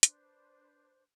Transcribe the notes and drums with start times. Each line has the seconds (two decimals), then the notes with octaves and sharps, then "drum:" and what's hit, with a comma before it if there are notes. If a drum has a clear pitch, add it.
0.03 D4 B4 C5, drum: hi-hat